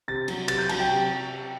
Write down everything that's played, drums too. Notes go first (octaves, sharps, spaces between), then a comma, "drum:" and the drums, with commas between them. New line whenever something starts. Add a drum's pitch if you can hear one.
C3 A6
F#3, drum: cymbal
C3 A6, drum: cymbal
G6
F#3 A5, drum: cymbal
G5
C3